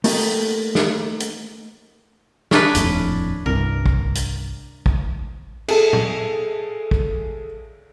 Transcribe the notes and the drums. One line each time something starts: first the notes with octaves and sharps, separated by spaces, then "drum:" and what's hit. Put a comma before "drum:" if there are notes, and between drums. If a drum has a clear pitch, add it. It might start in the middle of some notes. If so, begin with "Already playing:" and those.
A3 A#3 D#4 G4 A4, drum: open hi-hat
drum: snare
drum: hi-hat
C#4 D4 B4, drum: snare
D#1 F2 A2, drum: hi-hat
C2 G2 A#4
drum: kick
drum: hi-hat
drum: kick
G#4 A4, drum: cymbal
drum: tom
drum: kick